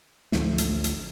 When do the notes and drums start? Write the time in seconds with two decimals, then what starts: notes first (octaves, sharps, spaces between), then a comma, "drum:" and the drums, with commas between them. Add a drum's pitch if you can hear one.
0.32 A1 D2 F3 A3, drum: snare
0.58 drum: hi-hat
0.84 drum: hi-hat